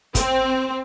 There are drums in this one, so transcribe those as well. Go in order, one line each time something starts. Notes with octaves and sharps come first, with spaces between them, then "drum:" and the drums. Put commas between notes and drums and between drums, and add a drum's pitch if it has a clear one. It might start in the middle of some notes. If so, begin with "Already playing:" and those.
C4, drum: kick, hi-hat